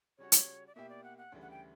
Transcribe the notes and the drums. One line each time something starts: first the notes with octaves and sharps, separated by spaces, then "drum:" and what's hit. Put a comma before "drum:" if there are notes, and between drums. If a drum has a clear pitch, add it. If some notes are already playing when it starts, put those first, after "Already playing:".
C#3 G3 C#4 F#4 C#5
drum: hi-hat
D5
B2 A#3 E4 G4 E5
D5
F#5
F#5
D2 C#3 E3 G3
F#5
G5